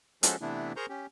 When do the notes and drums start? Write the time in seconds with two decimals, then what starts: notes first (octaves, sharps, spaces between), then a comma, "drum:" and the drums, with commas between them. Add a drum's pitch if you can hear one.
0.23 F3 G#3 C#4 F#4 A4 C5, drum: hi-hat
0.41 C3 E3 A3 B3 D4 E4
0.76 G#4 A#4 C5 A#5 C#6 G6
0.89 C#4 G4